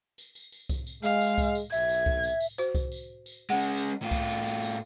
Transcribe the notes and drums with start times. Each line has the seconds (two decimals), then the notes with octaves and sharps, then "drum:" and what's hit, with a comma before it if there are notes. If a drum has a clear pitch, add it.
0.18 drum: tambourine
0.35 drum: tambourine
0.52 drum: tambourine
0.69 drum: kick C2, tambourine
0.87 drum: tambourine
1.03 G#3 F5, drum: tambourine
1.21 drum: tambourine
1.38 drum: kick C2, tambourine
1.55 drum: tambourine
1.72 B1 E5 G#6, drum: tambourine
1.89 drum: tambourine
2.06 drum: kick C2
2.23 drum: tambourine
2.40 drum: tambourine
2.58 F#4 C5, drum: tambourine
2.75 drum: kick C2, tambourine
2.92 drum: tambourine
3.26 drum: tambourine
3.50 G#3 C#4 F#5
3.60 drum: tambourine
3.77 drum: tambourine
4.02 A2 F4
4.11 drum: kick C2, tambourine
4.28 drum: tambourine
4.46 drum: tambourine
4.63 drum: tambourine